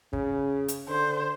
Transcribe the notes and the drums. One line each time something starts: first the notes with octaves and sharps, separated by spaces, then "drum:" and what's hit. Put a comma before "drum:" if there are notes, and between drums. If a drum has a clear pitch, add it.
C#3, drum: kick
drum: hi-hat
D3 C5